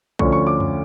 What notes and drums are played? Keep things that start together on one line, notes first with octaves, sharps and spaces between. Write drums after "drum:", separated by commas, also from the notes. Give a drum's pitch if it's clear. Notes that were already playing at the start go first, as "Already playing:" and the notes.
D2 D3 F3 C#4 C#6, drum: kick A#1
C#6
D6
drum: tom F2